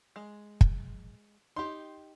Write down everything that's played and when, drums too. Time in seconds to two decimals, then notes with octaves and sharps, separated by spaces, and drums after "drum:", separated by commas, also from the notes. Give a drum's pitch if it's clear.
0.16 G#3
0.61 drum: kick
1.56 D#4 G4 C6